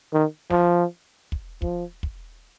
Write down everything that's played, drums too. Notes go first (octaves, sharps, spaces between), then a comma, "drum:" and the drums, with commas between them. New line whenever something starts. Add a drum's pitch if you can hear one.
D#3
F3, drum: snare
drum: kick
F3, drum: kick
drum: kick